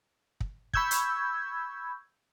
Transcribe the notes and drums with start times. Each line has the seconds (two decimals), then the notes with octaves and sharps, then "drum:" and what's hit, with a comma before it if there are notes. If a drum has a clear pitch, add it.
0.40 drum: kick
0.74 B5 C#6 E6 G6 G#6, drum: kick
0.91 drum: hi-hat